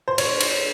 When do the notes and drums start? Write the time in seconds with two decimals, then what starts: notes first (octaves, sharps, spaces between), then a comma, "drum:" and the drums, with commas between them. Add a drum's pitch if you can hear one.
0.08 C5
0.18 C#5, drum: cymbal
0.40 drum: cymbal